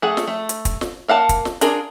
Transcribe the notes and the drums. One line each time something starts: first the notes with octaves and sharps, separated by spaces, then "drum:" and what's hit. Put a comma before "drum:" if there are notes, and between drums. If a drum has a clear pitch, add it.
A3 G#4 F#5
drum: snare
A3
drum: hi-hat
drum: kick, hi-hat
drum: snare
A#3 F5 F#5 A5
drum: kick, hi-hat
drum: snare
D4 F4 G#4 A#4, drum: hi-hat